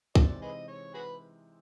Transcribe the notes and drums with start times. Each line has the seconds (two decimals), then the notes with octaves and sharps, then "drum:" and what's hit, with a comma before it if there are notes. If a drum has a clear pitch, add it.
0.15 C3 E3 G#3 C4 D#4 D5, drum: kick B1
0.42 G#4 B4 D#5
0.68 C#5
0.94 F#4 G#4 B4